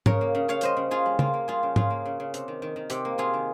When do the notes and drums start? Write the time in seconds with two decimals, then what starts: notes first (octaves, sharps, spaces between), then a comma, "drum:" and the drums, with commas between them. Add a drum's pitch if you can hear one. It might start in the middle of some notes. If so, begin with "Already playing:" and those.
0.06 C#3 A#4 C#5, drum: tom G#2
0.21 A#3
0.35 C#3
0.48 C#3 C#5 F5
0.61 G3 C5 D#5, drum: hi-hat
0.77 C#3
0.91 C#3 F4 G#4
1.06 G3
1.19 A#3 F4, drum: tom C#3
1.34 A#3
1.48 G3 F4 G#4
1.63 C#3
1.76 C#3 F4 G#4, drum: tom G#2
1.90 A#3
2.05 C#3
2.20 C#3
2.34 C3, drum: hi-hat
2.48 D#3
2.62 D#3
2.76 D#3
2.90 C3 G4, drum: hi-hat
3.05 A#3
3.18 C3 F4 G#4
3.34 D#3